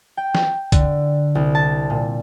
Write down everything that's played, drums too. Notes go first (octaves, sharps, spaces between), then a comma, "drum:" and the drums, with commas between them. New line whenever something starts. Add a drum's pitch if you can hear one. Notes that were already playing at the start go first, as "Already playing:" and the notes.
G5
drum: snare
D3, drum: kick, hi-hat
C2
A5
A#2